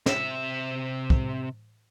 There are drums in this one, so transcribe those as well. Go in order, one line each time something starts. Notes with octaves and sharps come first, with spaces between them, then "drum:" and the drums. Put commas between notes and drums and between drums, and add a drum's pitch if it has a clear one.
C3 E5, drum: snare
drum: kick